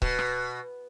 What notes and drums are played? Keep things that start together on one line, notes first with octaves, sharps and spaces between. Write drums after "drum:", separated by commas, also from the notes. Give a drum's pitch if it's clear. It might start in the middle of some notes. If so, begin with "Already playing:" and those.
B2, drum: kick C#1
drum: rim click